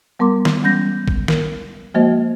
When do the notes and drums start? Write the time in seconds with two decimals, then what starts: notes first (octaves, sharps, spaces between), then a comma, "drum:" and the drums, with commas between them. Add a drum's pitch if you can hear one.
0.19 G3 B3 A#4 C6 D6
0.45 drum: snare
0.62 E3 G3 G#3 C#4 G6 A#6
1.08 drum: kick G#1
1.28 A#4, drum: snare
1.94 F3 G#3 A#3 F#4 C5 D#5